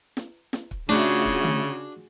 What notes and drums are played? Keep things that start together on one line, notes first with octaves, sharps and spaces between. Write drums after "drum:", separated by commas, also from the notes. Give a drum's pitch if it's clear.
drum: snare
drum: snare
drum: kick
C#3 A3 D4 F4 F#4 G#4
drum: kick
drum: tom D3